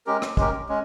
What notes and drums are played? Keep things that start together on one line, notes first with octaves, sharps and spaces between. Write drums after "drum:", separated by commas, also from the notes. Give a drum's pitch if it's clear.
G#3 C#4 G4 A#4
drum: rim click
G#3 C#4 G4 A#4, drum: kick
G#3 C#4